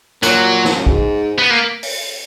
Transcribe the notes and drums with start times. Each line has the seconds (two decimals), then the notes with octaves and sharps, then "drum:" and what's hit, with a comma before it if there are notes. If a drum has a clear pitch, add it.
0.23 A#2 F#3, drum: hi-hat
0.65 drum: snare
0.75 F#2
0.86 G#2, drum: kick
1.38 B3
1.50 A#3
1.83 drum: open hi-hat